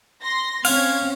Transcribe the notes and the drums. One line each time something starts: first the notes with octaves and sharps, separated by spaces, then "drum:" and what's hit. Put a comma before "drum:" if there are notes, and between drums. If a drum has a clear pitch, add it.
C6 A#6
C4 C#4 F5 G#6, drum: cymbal